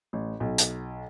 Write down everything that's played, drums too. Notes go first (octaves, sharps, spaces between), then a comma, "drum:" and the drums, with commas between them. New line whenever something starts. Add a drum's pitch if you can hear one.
A1
B1
drum: hi-hat